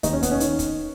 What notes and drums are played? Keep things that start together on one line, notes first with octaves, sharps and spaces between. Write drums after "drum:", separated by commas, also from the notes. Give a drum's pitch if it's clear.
D#2 D#4, drum: kick, hi-hat
C#4
B3, drum: kick, hi-hat
C#4
D#3, drum: hi-hat
drum: kick, hi-hat